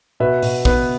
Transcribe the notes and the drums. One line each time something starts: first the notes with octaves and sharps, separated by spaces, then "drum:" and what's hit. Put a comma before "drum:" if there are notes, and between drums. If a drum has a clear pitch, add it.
B2 B4 E5
B2, drum: open hi-hat
B3 B4, drum: kick